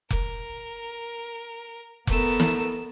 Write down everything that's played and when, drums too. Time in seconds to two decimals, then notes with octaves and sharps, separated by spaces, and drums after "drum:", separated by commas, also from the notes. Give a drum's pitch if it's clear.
0.11 A#4, drum: kick F1
2.07 A3 B3 A#4 E6, drum: kick F1
2.40 drum: snare